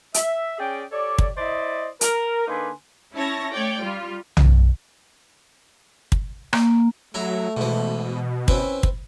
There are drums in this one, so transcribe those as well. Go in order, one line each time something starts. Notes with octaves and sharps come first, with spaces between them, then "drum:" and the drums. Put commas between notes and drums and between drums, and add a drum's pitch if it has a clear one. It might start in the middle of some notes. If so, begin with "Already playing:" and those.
E5, drum: hi-hat
C#4 G#4 D5 G5
G4 A4 C#5 D5
drum: kick
E4 C5 D5 D#5
A#4, drum: hi-hat
D3 A#3 D#4 B4 G#5 C6
C#4 E4 C#5 A5 A#6
A3 C#5 D5 G5
G3 F4
drum: tom
drum: kick
A#3, drum: rim click
F#3 A3 E4 A#5
G#2 B2 E3
C4 C#4 E4 B4, drum: kick
drum: kick